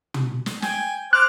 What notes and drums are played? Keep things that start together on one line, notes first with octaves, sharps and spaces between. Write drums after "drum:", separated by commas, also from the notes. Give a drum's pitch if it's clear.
drum: tom
drum: snare
G5 G#5, drum: snare
C5 D6 F6 F#6